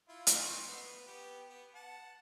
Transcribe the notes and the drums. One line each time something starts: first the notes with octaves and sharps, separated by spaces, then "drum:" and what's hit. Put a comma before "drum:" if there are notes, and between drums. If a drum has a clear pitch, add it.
E4 F4
drum: hi-hat
C4 C6 C#6
B3
B3 G4
B3
F#5 A5